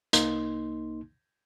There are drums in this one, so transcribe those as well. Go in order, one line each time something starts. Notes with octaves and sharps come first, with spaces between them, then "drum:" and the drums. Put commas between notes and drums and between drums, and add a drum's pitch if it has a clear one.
C2 A#3 D#4 C6, drum: hi-hat